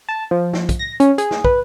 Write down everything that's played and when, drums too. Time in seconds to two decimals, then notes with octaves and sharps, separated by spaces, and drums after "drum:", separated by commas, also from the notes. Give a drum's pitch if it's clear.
0.09 A5
0.31 F3
0.53 drum: snare
0.69 drum: kick, hi-hat
0.79 A#6
1.00 C#4, drum: hi-hat
1.18 G#4, drum: hi-hat
1.31 drum: snare
1.44 B4, drum: kick